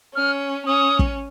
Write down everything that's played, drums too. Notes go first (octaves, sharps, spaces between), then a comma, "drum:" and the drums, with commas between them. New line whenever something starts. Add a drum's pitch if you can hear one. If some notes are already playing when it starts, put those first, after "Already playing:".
C#4 F6
C#4 D#6
drum: kick